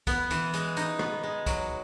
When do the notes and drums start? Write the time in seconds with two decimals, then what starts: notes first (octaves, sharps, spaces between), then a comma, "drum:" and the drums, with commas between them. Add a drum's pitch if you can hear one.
0.07 B3, drum: kick, hi-hat
0.31 E3, drum: hi-hat
0.54 G#3, drum: hi-hat
0.77 D#4, drum: hi-hat
0.99 B3, drum: rim click
1.23 G#3
1.46 F#3, drum: kick, hi-hat